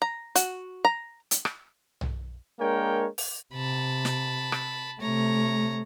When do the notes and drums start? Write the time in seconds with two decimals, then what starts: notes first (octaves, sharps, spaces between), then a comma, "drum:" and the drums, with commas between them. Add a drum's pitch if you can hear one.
0.02 A#5
0.35 F#4, drum: hi-hat
0.85 A#5
1.31 drum: hi-hat
1.45 drum: rim click
2.01 drum: tom B1
2.59 G#3 A#3 D4 A#4 C#5 G5
3.18 drum: open hi-hat
3.54 C3 A5 B5
4.05 drum: snare
4.52 drum: rim click
5.01 C3 A3 C#5 A#5